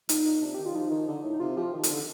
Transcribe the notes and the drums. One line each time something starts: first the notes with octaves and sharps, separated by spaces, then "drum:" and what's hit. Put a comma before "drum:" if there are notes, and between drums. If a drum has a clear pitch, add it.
A#2 D#4, drum: hi-hat
A#2
C3 D4
D#3 G4
F4
F3 D#4
D#3
D3
A2
D#4
C3 F4
F3 G4
F4
D#3
A4, drum: hi-hat
D3